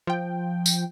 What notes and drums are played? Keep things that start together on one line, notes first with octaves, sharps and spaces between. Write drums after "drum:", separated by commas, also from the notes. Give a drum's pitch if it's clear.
F3 G5
drum: tambourine